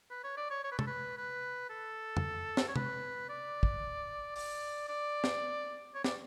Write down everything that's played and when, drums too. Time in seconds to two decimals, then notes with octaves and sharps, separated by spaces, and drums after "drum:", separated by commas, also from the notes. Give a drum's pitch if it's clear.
0.11 B4
0.24 C#5
0.37 D5
0.50 C#5
0.64 C#5
0.72 B4
0.79 A4, drum: tom C3
0.87 B4
1.17 B4
1.69 A4
2.17 drum: tom F2
2.57 drum: snare
2.68 C#5
2.76 B4, drum: tom C3
3.29 D5
3.63 drum: kick
4.36 D5, drum: open hi-hat
4.89 D5
5.24 drum: snare
5.94 C#5
6.04 D5, drum: snare